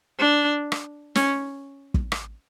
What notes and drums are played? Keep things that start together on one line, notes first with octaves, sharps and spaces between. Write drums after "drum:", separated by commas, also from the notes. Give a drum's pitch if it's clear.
D4
drum: rim click
C#4, drum: snare
drum: kick
drum: rim click